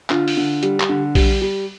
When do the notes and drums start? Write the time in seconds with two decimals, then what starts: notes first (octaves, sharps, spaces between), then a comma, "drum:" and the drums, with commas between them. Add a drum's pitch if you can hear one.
0.10 D3 F4, drum: clap
0.28 drum: open hi-hat
0.37 D3
0.63 G3, drum: hi-hat
0.80 drum: clap
0.89 D3
1.15 G3, drum: kick A#1, open hi-hat
1.42 G3